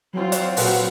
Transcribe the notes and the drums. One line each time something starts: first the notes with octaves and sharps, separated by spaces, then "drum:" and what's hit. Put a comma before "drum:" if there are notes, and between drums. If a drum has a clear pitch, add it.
F#3 C4 F4
drum: hi-hat
A#2 F#4 B4, drum: open hi-hat